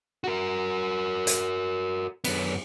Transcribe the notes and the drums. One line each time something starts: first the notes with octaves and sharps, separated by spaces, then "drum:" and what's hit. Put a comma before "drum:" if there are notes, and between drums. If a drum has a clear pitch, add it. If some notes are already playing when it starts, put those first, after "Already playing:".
F#4 A#4
drum: hi-hat
F#2 B3, drum: cymbal